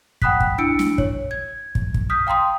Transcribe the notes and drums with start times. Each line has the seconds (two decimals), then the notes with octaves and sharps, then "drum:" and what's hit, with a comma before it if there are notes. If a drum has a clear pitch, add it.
0.22 F#5 G5 B5 D#6 F#6 B6, drum: kick
0.40 drum: kick
0.58 D4 E4 E6 C#7 D7
0.79 drum: snare
0.98 C#5, drum: kick
1.31 G#6
1.75 drum: kick
1.94 drum: kick
2.10 D#6 F6 G6 B6
2.27 F5 G5 A#5 C6 D#6